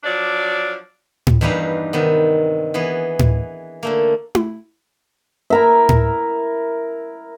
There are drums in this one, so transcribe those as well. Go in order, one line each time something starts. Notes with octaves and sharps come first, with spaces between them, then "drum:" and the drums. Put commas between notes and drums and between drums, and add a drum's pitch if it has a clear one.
F3 F#3 D4 D5
drum: tom A2
E2 G2 G3 D#4 B4 F5
C3 D#3 B3
E3 B3 G#4
drum: tom A2
D3 A3 A#3
drum: tom E4
E4 A#4 E5
drum: tom A2